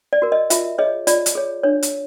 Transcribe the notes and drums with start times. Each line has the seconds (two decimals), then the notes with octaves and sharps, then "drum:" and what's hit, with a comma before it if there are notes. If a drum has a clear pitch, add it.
0.13 D5
0.22 F#4 A#4
0.32 D#5
0.50 F4 E5, drum: hi-hat
0.78 G#4 C#5 D#5
1.07 F4 D5, drum: hi-hat
1.26 drum: hi-hat
1.35 G#4 C#5
1.64 D4 C#5
1.83 drum: hi-hat